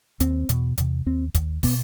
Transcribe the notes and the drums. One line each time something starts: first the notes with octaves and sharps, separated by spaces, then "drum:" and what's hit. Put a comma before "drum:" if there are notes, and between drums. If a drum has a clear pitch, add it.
D#2 C4, drum: hi-hat
E2 B2, drum: hi-hat
E2 C3, drum: hi-hat
D#2 C4
D#2, drum: kick, hi-hat
B2 B3, drum: kick, open hi-hat